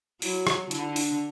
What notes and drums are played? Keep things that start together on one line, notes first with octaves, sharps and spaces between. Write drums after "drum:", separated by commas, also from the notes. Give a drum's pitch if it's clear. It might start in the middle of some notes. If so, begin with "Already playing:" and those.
F#3 E4, drum: open hi-hat
F#4, drum: rim click
D3 E4, drum: hi-hat
E4
D4, drum: open hi-hat